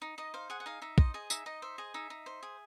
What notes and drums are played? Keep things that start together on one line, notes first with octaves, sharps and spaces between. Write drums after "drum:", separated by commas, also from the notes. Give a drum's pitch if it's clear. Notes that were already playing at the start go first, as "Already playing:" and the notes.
D#4
D#4 D#5
C5 F5
G#4 F#5
F#5
D#4 F5
D#4 E5
C5 D#5, drum: kick
G#4 D#5
D#4 E5, drum: tambourine
D#4 D#5
C5 E5
G#4 D#5
D#4 E5
D#4
C5
G#4